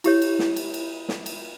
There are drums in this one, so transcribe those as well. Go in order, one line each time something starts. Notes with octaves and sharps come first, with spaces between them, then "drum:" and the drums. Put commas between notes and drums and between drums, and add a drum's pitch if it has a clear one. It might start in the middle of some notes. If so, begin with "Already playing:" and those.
E4 G4 C#5, drum: cymbal
drum: cymbal
drum: snare
drum: cymbal
drum: cymbal
drum: snare
drum: cymbal